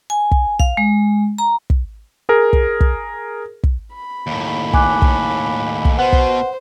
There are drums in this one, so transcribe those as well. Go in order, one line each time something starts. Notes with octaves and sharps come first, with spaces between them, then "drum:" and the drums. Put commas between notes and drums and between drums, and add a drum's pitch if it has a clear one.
G#5
drum: kick
F5, drum: kick
G#3
A#5
drum: kick
G#4 A#4
drum: kick
drum: kick
drum: kick
B5
D#2 A2
G#5 D6 F#6, drum: kick
drum: kick
drum: kick
B2 B3 B4 C5 F#5
drum: kick